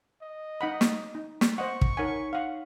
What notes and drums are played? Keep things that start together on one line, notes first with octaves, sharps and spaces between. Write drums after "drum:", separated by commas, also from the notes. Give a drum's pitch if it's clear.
D#5
D#4 F#5 B5
drum: snare
D#4
drum: snare
C5 D#5 F#5 C#6
drum: kick
D#4 A#4 C#5 F#5 G#5 B6
F5 F#5